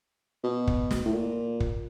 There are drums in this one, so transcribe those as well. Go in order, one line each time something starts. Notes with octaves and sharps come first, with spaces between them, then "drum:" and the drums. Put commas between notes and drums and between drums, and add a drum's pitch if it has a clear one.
B2
drum: kick
drum: snare
A2
A#2
drum: kick